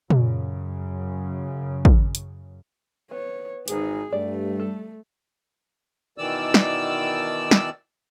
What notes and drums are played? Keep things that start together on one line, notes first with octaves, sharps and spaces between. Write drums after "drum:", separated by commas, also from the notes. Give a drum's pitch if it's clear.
F#2 C#3, drum: tom A#2
drum: kick
drum: hi-hat
B3 C#5
G#1 G#2 D#4 G#4, drum: hi-hat
G2 G3 A3 D5
A4
B2 D#3 E3 D5 E6
drum: snare
drum: snare